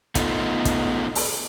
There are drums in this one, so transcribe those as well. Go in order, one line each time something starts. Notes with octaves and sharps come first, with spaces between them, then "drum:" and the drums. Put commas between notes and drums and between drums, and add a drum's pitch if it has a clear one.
A3 B3 D#4 F4 A4, drum: kick, hi-hat
drum: kick, hi-hat
drum: open hi-hat